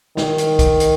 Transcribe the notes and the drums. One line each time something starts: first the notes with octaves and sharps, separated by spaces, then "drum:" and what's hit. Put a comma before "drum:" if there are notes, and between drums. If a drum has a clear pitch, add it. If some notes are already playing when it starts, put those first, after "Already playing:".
D#3, drum: snare
drum: hi-hat
drum: kick, hi-hat
drum: hi-hat